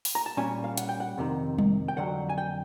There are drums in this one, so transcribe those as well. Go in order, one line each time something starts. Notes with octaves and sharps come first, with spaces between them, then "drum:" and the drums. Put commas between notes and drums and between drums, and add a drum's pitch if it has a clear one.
drum: open hi-hat
A#5
A5
A#2 G3 A#3 C#4 G#5
F5
F#5, drum: hi-hat
G5
F#5
F2 C3 D#3
drum: tom G3
G5
F2 D3 F#3 F#5
G#5
G5